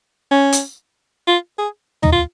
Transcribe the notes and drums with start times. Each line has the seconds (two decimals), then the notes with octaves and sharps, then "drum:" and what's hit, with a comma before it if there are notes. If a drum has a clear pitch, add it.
0.31 C#4
0.53 drum: hi-hat
1.27 F4
1.58 G#4
2.03 D#4, drum: tom
2.12 F4